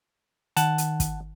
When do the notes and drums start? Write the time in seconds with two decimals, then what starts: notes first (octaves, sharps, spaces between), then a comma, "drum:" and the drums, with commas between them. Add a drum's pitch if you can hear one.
0.57 D#3 F#5 A5, drum: hi-hat
0.78 drum: hi-hat
1.00 drum: kick, hi-hat